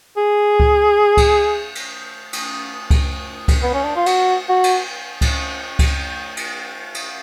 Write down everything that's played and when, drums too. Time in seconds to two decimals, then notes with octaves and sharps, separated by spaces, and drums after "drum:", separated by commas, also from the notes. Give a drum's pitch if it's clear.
0.17 G#4
0.60 drum: kick C#2
1.17 drum: kick C#2, cymbal
1.75 drum: cymbal
2.33 drum: cymbal
2.91 drum: kick C#2, cymbal
3.48 drum: kick C#2, cymbal
3.62 B3
3.74 C#4
3.84 D4
3.96 F4
4.06 F#4, drum: cymbal
4.49 F#4
4.64 drum: cymbal
5.21 drum: kick C#2, cymbal
5.79 drum: kick C#2, cymbal
6.37 drum: cymbal
6.95 drum: cymbal